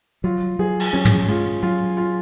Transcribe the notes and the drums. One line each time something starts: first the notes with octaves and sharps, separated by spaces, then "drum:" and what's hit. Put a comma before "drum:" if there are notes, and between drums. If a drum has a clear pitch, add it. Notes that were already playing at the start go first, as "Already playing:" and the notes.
F#3 F4
F#3 G#4
drum: cymbal
F#3 C#4
drum: tom
G#3 F4
F#3 F4
F4